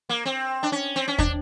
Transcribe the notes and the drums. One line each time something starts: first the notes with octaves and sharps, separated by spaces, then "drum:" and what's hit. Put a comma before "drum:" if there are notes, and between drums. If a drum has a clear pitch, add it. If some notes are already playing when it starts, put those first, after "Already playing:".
A#3
C4
D4
C#4
C4
C#4
D4, drum: kick